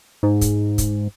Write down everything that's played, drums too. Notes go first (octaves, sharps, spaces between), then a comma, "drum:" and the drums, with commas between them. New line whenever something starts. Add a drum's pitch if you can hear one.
G#2
drum: kick, hi-hat
drum: kick, hi-hat